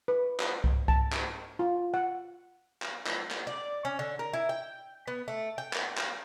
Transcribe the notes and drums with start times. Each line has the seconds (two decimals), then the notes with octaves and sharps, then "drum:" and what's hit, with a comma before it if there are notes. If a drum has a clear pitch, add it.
0.08 B4
0.40 drum: clap
0.64 drum: kick C2
0.88 A5, drum: kick C2
1.12 drum: clap
1.59 F4
1.94 F#5
2.82 drum: clap
3.06 drum: clap
3.31 drum: clap
3.47 D5
3.85 C#4
3.99 D3
4.19 A#4
4.33 E4
4.49 G5
5.08 B3
5.28 A3
5.58 G5
5.73 drum: clap
5.97 drum: clap